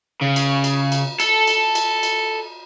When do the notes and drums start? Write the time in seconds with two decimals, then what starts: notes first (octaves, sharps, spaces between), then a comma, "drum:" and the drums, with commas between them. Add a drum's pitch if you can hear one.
0.22 C#3
0.36 drum: cymbal
0.64 drum: cymbal
0.92 drum: cymbal
1.20 A4, drum: cymbal
1.47 drum: cymbal
1.75 drum: cymbal
2.03 drum: cymbal